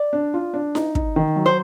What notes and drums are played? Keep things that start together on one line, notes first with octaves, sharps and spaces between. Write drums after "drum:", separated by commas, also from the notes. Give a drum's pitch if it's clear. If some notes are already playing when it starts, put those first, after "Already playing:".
Already playing: D5
D4
F4
D4
D#4, drum: snare E4
D#4, drum: kick
D#3
F#3
C5